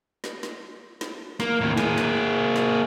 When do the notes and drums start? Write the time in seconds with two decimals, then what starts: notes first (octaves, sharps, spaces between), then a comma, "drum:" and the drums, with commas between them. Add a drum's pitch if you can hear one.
0.24 drum: snare
0.43 drum: snare
1.01 drum: snare
1.40 A#3, drum: snare
1.61 D#2 A2
1.77 A#3 G#4, drum: snare
1.98 drum: snare
2.56 drum: snare